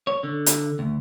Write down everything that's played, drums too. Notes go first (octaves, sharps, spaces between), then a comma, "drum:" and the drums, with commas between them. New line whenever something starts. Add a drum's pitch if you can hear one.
C#5
D3
drum: hi-hat
D2